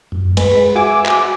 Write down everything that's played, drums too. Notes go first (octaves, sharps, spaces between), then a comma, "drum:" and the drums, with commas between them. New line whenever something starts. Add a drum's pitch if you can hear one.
F#2
G#3 B4, drum: cymbal
F#4 E5 G#5 D6
drum: clap